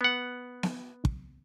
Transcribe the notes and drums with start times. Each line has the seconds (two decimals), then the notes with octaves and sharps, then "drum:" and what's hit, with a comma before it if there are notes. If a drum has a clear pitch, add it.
0.01 B3 F#5
0.63 drum: snare B3
1.05 drum: kick